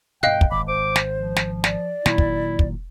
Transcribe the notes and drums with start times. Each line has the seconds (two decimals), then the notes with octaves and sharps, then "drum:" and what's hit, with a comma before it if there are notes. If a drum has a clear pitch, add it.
0.23 G2 B2 D#5 F5 G5 F#6
0.41 drum: kick
0.51 G#1 B5 D6
0.68 C5 D6
0.96 drum: snare
1.16 F3
1.36 drum: snare
1.64 D5, drum: snare
2.06 A#2 D#3 F#3 E4, drum: snare
2.18 drum: kick
2.59 drum: kick